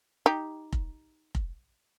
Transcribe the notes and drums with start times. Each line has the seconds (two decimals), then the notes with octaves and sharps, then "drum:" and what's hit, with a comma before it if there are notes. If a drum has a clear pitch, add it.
0.26 D#4 G4
0.72 drum: kick F1
1.35 drum: kick F1